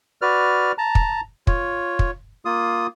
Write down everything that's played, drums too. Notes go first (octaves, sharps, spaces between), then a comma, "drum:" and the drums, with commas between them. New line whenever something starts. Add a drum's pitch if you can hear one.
F#4 B4 D5 F6
A5 A#5
drum: kick
F4 C#5, drum: kick
drum: kick
A#3 F4 D#6